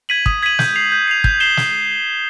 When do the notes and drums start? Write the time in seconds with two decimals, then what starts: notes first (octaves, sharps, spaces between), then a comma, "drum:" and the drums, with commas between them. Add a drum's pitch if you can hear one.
0.09 G#6 B6 D#7 F#7
0.26 D#6, drum: kick
0.43 G#6 B6 D#7 F#7
0.59 G6, drum: snare
0.76 C7 F7
0.92 G6
1.08 C7 F7
1.24 G6, drum: kick
1.40 C7 E7 G7
1.57 drum: snare